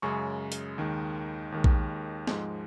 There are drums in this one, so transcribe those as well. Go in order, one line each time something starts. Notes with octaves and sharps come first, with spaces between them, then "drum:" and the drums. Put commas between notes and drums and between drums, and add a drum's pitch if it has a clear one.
F#2 C#3 G#3 C#6
drum: hi-hat
D#2 D#3 G#3
D#2 D#3 G#3
drum: kick A#1
G#2 F3 G#3, drum: snare